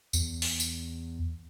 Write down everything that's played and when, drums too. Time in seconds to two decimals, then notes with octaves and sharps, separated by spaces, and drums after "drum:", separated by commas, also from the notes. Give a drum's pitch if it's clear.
0.13 E2, drum: tambourine
0.42 drum: open hi-hat
0.60 drum: tambourine